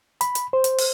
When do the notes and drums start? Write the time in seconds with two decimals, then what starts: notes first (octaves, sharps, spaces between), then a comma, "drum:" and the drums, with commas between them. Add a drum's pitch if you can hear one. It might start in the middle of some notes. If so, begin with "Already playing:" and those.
0.21 B5, drum: hi-hat
0.35 drum: hi-hat
0.53 C5
0.64 drum: hi-hat
0.78 drum: open hi-hat